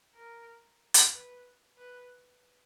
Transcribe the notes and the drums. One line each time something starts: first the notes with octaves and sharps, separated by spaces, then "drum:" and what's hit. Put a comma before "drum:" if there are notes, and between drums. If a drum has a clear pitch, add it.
A#4
drum: hi-hat
B4
B4